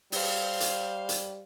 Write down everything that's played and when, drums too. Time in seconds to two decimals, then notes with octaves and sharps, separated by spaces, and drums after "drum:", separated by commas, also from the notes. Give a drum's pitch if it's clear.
0.12 G3 C5 F5, drum: open hi-hat
0.60 drum: hi-hat
1.09 drum: hi-hat